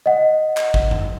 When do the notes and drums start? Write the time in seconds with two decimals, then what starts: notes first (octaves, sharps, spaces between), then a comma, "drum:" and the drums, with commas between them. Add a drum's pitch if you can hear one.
0.06 D#5 F#5
0.57 drum: clap
0.74 drum: kick
0.91 drum: tom F2